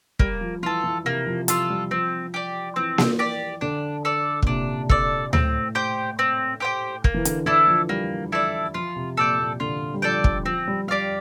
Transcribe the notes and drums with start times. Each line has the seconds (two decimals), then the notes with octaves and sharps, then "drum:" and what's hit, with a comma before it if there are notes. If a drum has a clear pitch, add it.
0.19 G3 A#3, drum: kick
0.41 F3
0.63 E3 F4 A4
0.84 E3
1.05 C3 A#3
1.27 F3
1.48 F3 F4 A4, drum: hi-hat
1.70 G3
1.91 F3 C4
2.34 G4 D5
2.76 E3 C4
2.98 drum: snare A#3
3.19 G4 D5
3.61 D3 D4
4.05 A4 D5
4.42 A#2, drum: kick
4.47 C3 D4
4.89 A4 D5, drum: kick
5.33 A2 C4, drum: tom D2
5.75 G4 C5 G5
6.19 C4
6.60 G4 C5 G5
7.04 A#3, drum: kick
7.14 E3
7.25 D3, drum: hi-hat
7.46 E3 E4 A4 D5
7.68 F3
7.89 G3 A#3
8.32 E4 A4 D5
8.74 F3 F4
8.96 C3
9.17 A#2 A4 D5 G5
9.39 A#2
9.60 D3 F4
9.94 G3
10.02 F3 A4 D5 G5
10.24 G3, drum: kick
10.45 F3 C4
10.68 G3
10.88 G3 G4 D5 F5